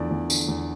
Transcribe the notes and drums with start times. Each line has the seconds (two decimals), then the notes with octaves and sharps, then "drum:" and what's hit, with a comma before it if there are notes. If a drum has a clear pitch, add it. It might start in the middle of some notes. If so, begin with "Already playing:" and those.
Already playing: E2 D3 F3 D5
0.11 E2
0.30 D3, drum: tambourine
0.49 E2